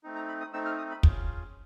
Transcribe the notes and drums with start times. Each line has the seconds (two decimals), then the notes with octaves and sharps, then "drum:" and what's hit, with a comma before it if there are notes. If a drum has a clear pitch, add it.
0.03 A3 C4 D#4
0.15 A#5
0.28 B5
0.41 D#6
0.53 A3 C4 D#4 E6
0.66 F6
0.78 D#6
0.91 B5
1.03 C#4 F4 G#4, drum: kick